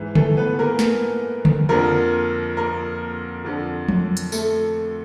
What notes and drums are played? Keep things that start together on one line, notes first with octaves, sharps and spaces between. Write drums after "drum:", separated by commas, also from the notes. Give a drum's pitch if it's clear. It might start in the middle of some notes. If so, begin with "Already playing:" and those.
Already playing: G#2 E3
A3 A4, drum: tom C#3
B3 B4
A#3 A#4
drum: snare
drum: tom C#3
F2 D3 F3 A#3 A#4
A#3 A#4
F2 D3 F3
drum: tom F3
drum: hi-hat
A3 A4, drum: tambourine